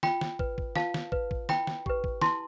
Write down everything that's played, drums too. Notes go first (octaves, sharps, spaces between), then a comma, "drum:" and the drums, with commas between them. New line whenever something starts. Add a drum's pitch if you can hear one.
F4 G5 B5, drum: snare
drum: snare
B4, drum: kick
drum: kick
F4 F5 A5, drum: snare
drum: snare
B4, drum: kick
drum: kick
E4 G5 B5, drum: snare
drum: snare
G4 B4, drum: kick
drum: kick
E4 A5 C6, drum: snare